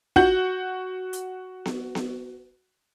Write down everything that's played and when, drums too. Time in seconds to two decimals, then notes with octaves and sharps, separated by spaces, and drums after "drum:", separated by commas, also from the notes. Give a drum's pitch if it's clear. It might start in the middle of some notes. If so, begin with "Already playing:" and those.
0.16 F#4 F#5 G6, drum: kick
1.13 drum: hi-hat
1.66 drum: snare B3
1.95 drum: snare B3